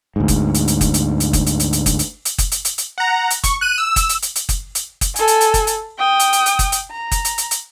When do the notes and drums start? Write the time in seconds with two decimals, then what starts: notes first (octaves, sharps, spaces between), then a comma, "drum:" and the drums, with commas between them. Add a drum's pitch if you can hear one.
0.16 D2 G#2
0.28 drum: kick F#1, hi-hat
0.54 drum: hi-hat
0.68 drum: hi-hat
0.81 drum: kick F#1, hi-hat
0.94 drum: hi-hat
1.20 drum: hi-hat
1.33 drum: kick F#1, hi-hat
1.46 drum: hi-hat
1.60 drum: hi-hat
1.73 drum: hi-hat
1.86 drum: kick F#1, hi-hat
1.99 drum: hi-hat
2.25 drum: hi-hat
2.38 drum: kick F#1, hi-hat
2.52 drum: hi-hat
2.65 drum: hi-hat
2.78 drum: hi-hat
2.98 F#5 A#5
3.30 drum: hi-hat
3.44 C#6, drum: kick F#1, hi-hat
3.61 F#6 D#7
3.78 E6
3.96 drum: kick F#1, hi-hat
4.09 drum: hi-hat
4.22 drum: hi-hat
4.36 drum: hi-hat
4.49 drum: kick F#1, hi-hat
4.75 drum: hi-hat
5.01 drum: kick F#1, hi-hat
5.16 A4 G#5, drum: hi-hat
5.28 drum: hi-hat
5.41 drum: hi-hat
5.54 drum: kick F#1, hi-hat
5.67 drum: hi-hat
5.98 G5 D#6
6.19 drum: hi-hat
6.33 drum: hi-hat
6.46 drum: hi-hat
6.59 drum: kick F#1, hi-hat
6.72 drum: hi-hat
6.91 A#5
7.11 drum: kick F#1, hi-hat
7.25 drum: hi-hat
7.38 drum: hi-hat
7.51 drum: hi-hat